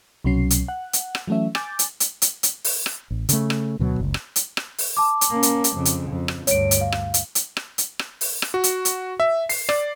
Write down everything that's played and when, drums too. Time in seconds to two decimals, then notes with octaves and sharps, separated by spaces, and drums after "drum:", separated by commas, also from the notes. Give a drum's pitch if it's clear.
0.24 C2 B2 F#3 C#4 C7
0.50 drum: hi-hat
0.68 F#5
0.93 drum: hi-hat
1.15 drum: rim click
1.27 E3 F#3 A3 C#4 E5
1.55 G#5 D6 G6 A6, drum: rim click
1.79 drum: hi-hat
2.00 drum: hi-hat
2.22 drum: hi-hat
2.43 drum: hi-hat
2.64 drum: open hi-hat
2.86 drum: rim click
3.10 A1
3.29 C#3 A3, drum: hi-hat
3.50 drum: rim click
3.79 D2 B2 F#3
4.00 F#1 C#2
4.14 drum: rim click
4.36 drum: hi-hat
4.57 drum: rim click
4.78 drum: open hi-hat
4.97 A5 D6
5.21 drum: hi-hat
5.31 A#3 C#4
5.43 drum: hi-hat
5.64 drum: hi-hat
5.76 F2 C#3
5.85 drum: hi-hat
6.11 F2
6.28 drum: rim click
6.47 D2 G2 C#5 D7, drum: hi-hat
6.71 drum: hi-hat
6.81 F5
6.92 drum: rim click
7.14 drum: hi-hat
7.35 drum: hi-hat
7.57 drum: rim click
7.78 drum: hi-hat
7.99 drum: rim click
8.21 drum: open hi-hat
8.42 drum: rim click
8.54 F#4
8.64 drum: hi-hat
8.85 drum: hi-hat
9.20 E5
9.49 C7, drum: open hi-hat
9.69 D5, drum: rim click